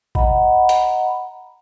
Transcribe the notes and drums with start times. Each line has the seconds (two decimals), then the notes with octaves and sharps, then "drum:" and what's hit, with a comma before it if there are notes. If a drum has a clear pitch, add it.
0.15 D#5 F#5 A#5 B5, drum: kick A1
0.69 drum: hi-hat